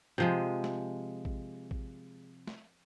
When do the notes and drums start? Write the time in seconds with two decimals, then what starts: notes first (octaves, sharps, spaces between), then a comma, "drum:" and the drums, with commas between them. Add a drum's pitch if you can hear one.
0.18 C3 F3 G#3
0.64 drum: snare
1.25 drum: kick A1
1.71 drum: kick A1
2.47 drum: snare